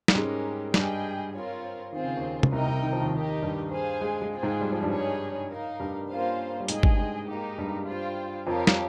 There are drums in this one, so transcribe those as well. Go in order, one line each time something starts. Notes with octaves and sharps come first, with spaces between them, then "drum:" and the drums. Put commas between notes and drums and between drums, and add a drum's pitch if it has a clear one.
G3, drum: snare
G#2 G#3 C#4 G4 A#4
G2 G3 G#4 D#5 G5, drum: snare
C4 F4 A#4 C#5
D#3 C4 F4 G#4
C#3
D#2 D#3
C#3, drum: tom
C2 C3 D#4 A#4 D#5 G5
C2 C3
D#3
F3
D#2 D#3
D#4 G4 A#4 D#5
G2 G3
G#4 C5 F5 G#5
G#3
G#3
C4 F4 G#4 C5 G5
G#2 G#3
G3
F3
G2 G3
D#4 G#4 C#5
D#4 A#4 F5
G2 G3
A#3 C#4 F4 C5 F5
G3
G#2 G#3 G#4 D#5 G5, drum: hi-hat
G2 G3, drum: kick
G#2 G#3
A#3 D#4 G4
G2 G3
F4 C5 G5
F2 F3 G4 A#4 C#5 F5
drum: snare